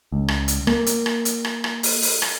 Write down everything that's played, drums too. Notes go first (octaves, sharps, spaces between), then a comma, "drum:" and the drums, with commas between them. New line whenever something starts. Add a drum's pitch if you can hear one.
C#2
drum: rim click
drum: hi-hat
A#3, drum: rim click
drum: hi-hat
drum: rim click
drum: hi-hat
drum: rim click
drum: rim click
drum: open hi-hat
drum: open hi-hat
drum: rim click